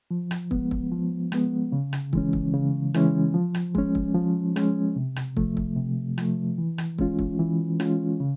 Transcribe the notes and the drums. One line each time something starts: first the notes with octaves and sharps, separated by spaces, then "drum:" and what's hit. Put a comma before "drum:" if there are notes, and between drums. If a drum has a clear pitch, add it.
F3
drum: rim click
G#3 B3, drum: kick
drum: kick
F3
G#3 B3, drum: rim click
C#3
drum: rim click
E3 G#3 C#4, drum: kick
drum: kick
C#3
E3 G#3 C#4, drum: rim click
F3
drum: rim click
G#3 C#4, drum: kick
drum: kick
F3
G#3 C#4, drum: rim click
C3
drum: rim click
F3 A3, drum: kick
drum: kick
C3
F3 A3, drum: rim click
E3
drum: rim click
G#3 C#4 F4, drum: kick
drum: kick
E3
G#3 C#4 F4, drum: rim click
C#3